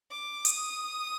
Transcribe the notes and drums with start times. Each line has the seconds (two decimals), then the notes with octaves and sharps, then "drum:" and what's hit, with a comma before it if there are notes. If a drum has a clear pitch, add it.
0.11 D6
0.45 D#6, drum: hi-hat